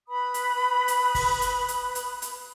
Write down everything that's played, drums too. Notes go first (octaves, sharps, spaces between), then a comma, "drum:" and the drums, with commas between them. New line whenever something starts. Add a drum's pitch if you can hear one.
B4 B5 D#6
drum: hi-hat
drum: hi-hat
drum: kick, open hi-hat
drum: hi-hat
drum: hi-hat
drum: hi-hat
drum: hi-hat